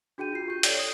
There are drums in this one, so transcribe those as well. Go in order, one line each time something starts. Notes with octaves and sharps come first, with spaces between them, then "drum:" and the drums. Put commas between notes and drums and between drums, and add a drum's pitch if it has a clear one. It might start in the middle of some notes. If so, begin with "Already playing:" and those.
D4 F#4 G#4 G5 G6 D#7
F4 C7
G4 G6
A4 C#5 D5 G5, drum: hi-hat
D#6